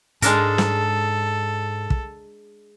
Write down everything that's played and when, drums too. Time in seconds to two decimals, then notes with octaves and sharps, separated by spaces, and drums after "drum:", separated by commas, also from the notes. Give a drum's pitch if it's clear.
0.22 G#2 G#3 D4 A4 A#4, drum: hi-hat
0.58 drum: snare
1.90 drum: kick